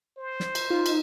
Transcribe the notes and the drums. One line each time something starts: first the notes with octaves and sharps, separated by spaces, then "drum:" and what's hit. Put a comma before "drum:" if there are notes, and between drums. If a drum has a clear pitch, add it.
C5
drum: snare
drum: cymbal
D#4 F4
drum: cymbal